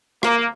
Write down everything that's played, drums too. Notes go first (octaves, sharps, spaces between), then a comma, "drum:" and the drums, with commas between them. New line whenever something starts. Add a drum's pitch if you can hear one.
A#3, drum: rim click